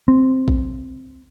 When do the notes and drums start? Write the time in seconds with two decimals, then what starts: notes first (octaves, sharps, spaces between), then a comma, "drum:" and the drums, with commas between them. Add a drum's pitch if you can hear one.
0.08 C4
0.48 drum: kick A#1